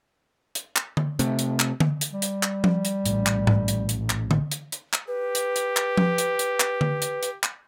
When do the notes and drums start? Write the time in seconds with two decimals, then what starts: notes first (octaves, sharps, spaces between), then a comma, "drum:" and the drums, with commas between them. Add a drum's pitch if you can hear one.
0.55 drum: hi-hat
0.76 drum: clap
0.97 drum: tom D3
1.19 C3 A3, drum: hi-hat
1.39 drum: hi-hat
1.60 drum: clap
1.80 drum: tom D3
2.01 drum: hi-hat
2.13 G3
2.22 drum: hi-hat
2.43 drum: clap
2.64 drum: tom F3
2.85 drum: hi-hat
3.06 A#1 A2, drum: hi-hat
3.26 drum: clap
3.47 drum: tom G#2
3.68 drum: hi-hat
3.89 drum: hi-hat
4.10 drum: clap
4.31 drum: tom D3
4.51 drum: hi-hat
4.72 drum: hi-hat
4.93 drum: clap
5.08 G4 B4
5.35 drum: hi-hat
5.56 drum: hi-hat
5.77 drum: clap
5.97 drum: tom F3
6.18 drum: hi-hat
6.39 drum: hi-hat
6.60 drum: clap
6.81 drum: tom D3
7.02 drum: hi-hat
7.23 drum: hi-hat
7.43 drum: clap